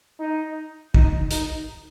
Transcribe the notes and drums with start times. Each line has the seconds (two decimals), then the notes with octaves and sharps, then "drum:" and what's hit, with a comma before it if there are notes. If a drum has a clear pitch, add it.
0.19 D#4
0.94 D#4, drum: kick
1.31 D#4, drum: hi-hat